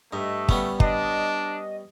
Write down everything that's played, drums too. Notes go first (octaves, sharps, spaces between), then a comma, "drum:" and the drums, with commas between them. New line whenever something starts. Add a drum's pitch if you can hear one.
G2 A3 D#5
G3 B3 C#4, drum: kick
D4 D#5, drum: kick